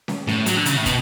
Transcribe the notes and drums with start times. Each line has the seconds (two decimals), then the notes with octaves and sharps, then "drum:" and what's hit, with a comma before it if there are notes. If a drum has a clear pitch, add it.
0.08 drum: snare
0.27 A2, drum: snare
0.46 F#3, drum: hi-hat
0.57 D3
0.66 C#3, drum: hi-hat
0.77 A2
0.86 B2, drum: kick, hi-hat